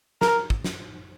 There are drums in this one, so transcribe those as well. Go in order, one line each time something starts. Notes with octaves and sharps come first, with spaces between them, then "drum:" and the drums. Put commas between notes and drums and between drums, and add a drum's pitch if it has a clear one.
A#4, drum: snare
drum: kick
drum: snare